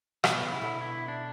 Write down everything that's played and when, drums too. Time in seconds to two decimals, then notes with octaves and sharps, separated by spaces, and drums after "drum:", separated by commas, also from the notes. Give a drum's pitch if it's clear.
0.24 B2 B3, drum: rim click
0.43 C#3
0.52 E4
0.62 B2 D3
0.81 E4
1.08 D4